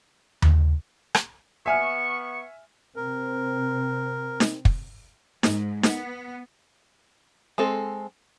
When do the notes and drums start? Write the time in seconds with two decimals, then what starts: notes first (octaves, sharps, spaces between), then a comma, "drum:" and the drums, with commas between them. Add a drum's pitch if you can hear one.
0.42 drum: tom D#2
1.15 drum: rim click
1.66 B3 E5 G#5 C#6 F6
2.96 C3 C4 A#4
4.40 drum: snare D#4
4.65 drum: kick
5.43 G#2, drum: snare D#4
5.83 B3, drum: snare D#4
7.58 G#3 C4 A4